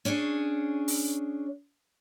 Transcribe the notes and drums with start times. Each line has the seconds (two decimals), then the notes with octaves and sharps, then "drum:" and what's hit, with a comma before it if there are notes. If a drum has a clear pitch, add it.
0.05 C#4 D4 G#4 C#5
0.88 drum: open hi-hat